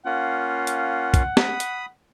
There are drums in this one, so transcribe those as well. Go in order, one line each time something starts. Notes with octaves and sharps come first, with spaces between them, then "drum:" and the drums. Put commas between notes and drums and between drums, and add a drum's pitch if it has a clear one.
A#3 C#4 F4 F#5
drum: hi-hat
drum: kick, hi-hat
B5 D#6, drum: snare
drum: hi-hat